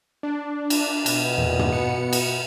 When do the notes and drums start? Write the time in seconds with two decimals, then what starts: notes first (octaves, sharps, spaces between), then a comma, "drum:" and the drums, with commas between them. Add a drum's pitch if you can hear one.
0.23 D4
0.70 drum: cymbal
1.06 B2, drum: cymbal
1.38 E2 A#2
1.59 drum: tom
1.71 B3 C#7
2.13 drum: cymbal